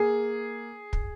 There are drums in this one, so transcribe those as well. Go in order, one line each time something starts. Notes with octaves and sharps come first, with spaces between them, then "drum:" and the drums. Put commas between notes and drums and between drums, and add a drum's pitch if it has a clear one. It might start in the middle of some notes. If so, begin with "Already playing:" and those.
Already playing: A#3 G#4
drum: kick